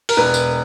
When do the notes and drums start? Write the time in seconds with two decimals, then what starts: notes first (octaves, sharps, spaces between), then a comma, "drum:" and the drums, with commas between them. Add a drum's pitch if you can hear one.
0.09 A#4, drum: open hi-hat
0.17 E1 B4
0.34 drum: tambourine